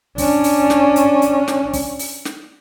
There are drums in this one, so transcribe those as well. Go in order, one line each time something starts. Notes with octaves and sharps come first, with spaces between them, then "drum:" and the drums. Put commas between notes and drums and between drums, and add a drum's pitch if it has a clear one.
C#4 D4, drum: kick, open hi-hat
drum: open hi-hat
drum: snare
drum: hi-hat
drum: hi-hat
drum: snare
drum: kick, open hi-hat
drum: open hi-hat
drum: snare